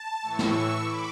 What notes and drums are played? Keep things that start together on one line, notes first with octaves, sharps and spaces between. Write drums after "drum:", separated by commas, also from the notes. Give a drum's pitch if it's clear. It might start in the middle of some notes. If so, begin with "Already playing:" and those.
Already playing: A5
A2 E3 C#6 E6
drum: snare
B5 D6